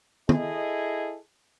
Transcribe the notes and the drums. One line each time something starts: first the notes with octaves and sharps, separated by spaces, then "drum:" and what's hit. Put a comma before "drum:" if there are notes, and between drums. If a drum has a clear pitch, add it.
E4 G#4 A4 D#5, drum: tom